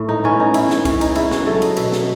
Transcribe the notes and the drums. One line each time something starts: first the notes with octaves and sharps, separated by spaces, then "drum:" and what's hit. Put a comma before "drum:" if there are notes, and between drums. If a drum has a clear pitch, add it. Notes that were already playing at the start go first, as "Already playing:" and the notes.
Already playing: A2 A3
D#4
E3 B3 C#4
D#4
A2 E4, drum: cymbal
drum: snare
E3 B3 C#4, drum: kick C2, cymbal
D#4, drum: cymbal
C#3 E4, drum: cymbal
F#4, drum: snare
F#3 A3 A4
D#5, drum: cymbal
B2 E5, drum: cymbal
drum: snare